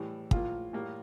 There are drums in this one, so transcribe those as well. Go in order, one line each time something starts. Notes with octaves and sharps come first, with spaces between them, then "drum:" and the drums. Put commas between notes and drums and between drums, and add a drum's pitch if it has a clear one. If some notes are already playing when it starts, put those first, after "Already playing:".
Already playing: A2 E3 G3
A2 F3 A#3 F4, drum: kick
A2 G3 A#3